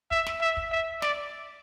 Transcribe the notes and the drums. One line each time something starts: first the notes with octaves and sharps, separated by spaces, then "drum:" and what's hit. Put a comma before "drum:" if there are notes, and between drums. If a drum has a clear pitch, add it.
E5, drum: kick
drum: snare
E5
drum: kick
E5
D5, drum: snare